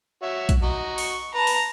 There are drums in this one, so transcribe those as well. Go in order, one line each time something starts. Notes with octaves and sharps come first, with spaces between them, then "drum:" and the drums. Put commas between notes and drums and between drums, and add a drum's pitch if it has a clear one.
F#4 C#5 E5
drum: kick A#1, hi-hat
F#4 D#5 A#5
C#6, drum: open hi-hat
B4 A5 A#5
drum: open hi-hat